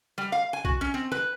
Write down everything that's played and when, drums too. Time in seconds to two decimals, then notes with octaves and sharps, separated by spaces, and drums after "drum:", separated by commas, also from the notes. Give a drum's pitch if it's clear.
0.18 G3
0.32 F5
0.53 G#5
0.65 F#4, drum: kick
0.81 C#4
0.94 C4
1.12 B4, drum: rim click